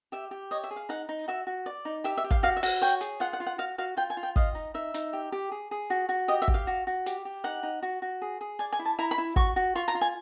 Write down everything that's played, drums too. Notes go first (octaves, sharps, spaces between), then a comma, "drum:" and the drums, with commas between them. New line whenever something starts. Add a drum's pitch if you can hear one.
G4 E5
G4
C#5 D#5
E5
G#4
F5
D#4 F#5
D#4
F#4 E5
F#4
D5
D#4
G4 E5
E5
G4
F5, drum: kick
F#4 F5
E5
F#4, drum: open hi-hat
C#5 G5
G#4, drum: hi-hat
F4 F#5
F#5
F4
F#5
F#4 F5
F#4 F5
F4 G5
G#5
F4
G5
D#5 F5, drum: kick
D#4
D#4 E5
D#4, drum: hi-hat
G4
G4
G#4
G#4
F#4
F#4
G4 D#5
E5
G4, drum: kick
F5
F#4
F#4
G4, drum: hi-hat
G4
D#4 F#5
D#4
F#4
F#4
G#4
G#4
D5 G#5
G#5
E4
A5
E4 A#5
B5
E4
F#4 C#6, drum: kick
F#4
F4 C#6
A#5
F4
G#5